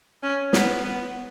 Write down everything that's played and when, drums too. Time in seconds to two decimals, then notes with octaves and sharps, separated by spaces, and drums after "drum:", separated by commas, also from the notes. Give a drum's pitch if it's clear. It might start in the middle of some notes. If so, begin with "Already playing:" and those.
0.23 C#4
0.53 B3, drum: snare
0.84 B3